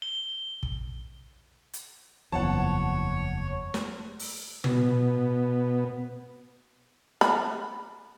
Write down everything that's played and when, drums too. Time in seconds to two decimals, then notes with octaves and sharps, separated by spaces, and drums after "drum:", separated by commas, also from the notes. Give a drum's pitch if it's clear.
0.02 G7
0.63 drum: kick
1.73 drum: hi-hat
2.32 F#1 E2 F3 C#5 F#5 A5
3.74 drum: snare
4.19 drum: open hi-hat
4.64 B2 B3, drum: tom
7.21 B5, drum: snare